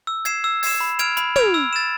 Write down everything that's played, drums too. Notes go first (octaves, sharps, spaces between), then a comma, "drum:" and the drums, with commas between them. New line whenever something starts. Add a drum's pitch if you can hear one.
E6
G#6 C7 E7, drum: hi-hat
E6
G#6 C7 E7, drum: open hi-hat
B5
F6 G#6 D7 F7, drum: hi-hat
B5, drum: hi-hat
F6 G#6 D7 F7, drum: tom
E6
A6 E7